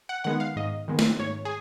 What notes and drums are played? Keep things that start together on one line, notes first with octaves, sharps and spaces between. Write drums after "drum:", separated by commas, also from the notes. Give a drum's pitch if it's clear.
F#5
D#3 G#3 B3 F#5
F5
G#2 D#5
D#3 G#3 B3
drum: snare
G#2 C#5
G#4